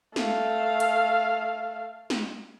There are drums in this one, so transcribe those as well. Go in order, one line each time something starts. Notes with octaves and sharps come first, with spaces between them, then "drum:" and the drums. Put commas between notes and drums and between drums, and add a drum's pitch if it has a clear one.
A3 F5, drum: snare
drum: hi-hat
drum: snare